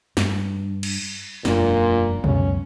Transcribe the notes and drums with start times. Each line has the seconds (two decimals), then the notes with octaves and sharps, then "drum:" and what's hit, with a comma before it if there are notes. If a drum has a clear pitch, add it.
0.17 G2, drum: snare
0.83 drum: cymbal
1.45 E1 F#2 A#2 D4, drum: snare
2.24 C#2 F#2 B2 C#4, drum: tom B2